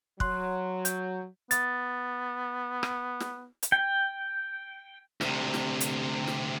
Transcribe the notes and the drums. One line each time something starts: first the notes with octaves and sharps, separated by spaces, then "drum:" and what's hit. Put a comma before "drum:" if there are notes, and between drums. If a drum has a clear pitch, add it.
F#3 C6 F#6, drum: kick
G6, drum: hi-hat
B3 A6, drum: hi-hat
drum: rim click
drum: snare
drum: hi-hat
G5
D2 C3, drum: snare
drum: snare
drum: hi-hat
drum: snare